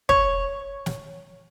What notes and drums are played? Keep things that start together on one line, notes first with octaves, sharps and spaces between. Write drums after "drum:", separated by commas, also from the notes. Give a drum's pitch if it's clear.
C#5, drum: kick
drum: snare